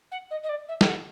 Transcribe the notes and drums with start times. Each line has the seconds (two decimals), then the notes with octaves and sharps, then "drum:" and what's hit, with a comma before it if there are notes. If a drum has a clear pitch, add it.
0.11 F#5
0.30 D#5
0.42 D#5
0.48 D5
0.68 E5
0.81 G5, drum: snare
0.87 F#5